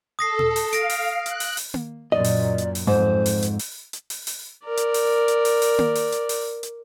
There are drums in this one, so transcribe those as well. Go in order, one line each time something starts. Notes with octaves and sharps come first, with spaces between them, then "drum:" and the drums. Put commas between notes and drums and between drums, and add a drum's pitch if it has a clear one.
A4 D#6 A#6 C7
drum: tom A#2
drum: open hi-hat
F5 A#6 D7, drum: hi-hat
drum: open hi-hat
F#6, drum: hi-hat
drum: open hi-hat
drum: open hi-hat
drum: tom A#3
F#2 A#2 D5 D#5
drum: open hi-hat
drum: hi-hat
drum: open hi-hat
F2 G#2 C5
drum: open hi-hat
drum: hi-hat
drum: open hi-hat
drum: hi-hat
drum: open hi-hat
drum: open hi-hat
A#4 D5
drum: hi-hat
drum: open hi-hat
drum: hi-hat
drum: open hi-hat
drum: open hi-hat
drum: tom A#3
drum: open hi-hat
drum: hi-hat
drum: open hi-hat
drum: hi-hat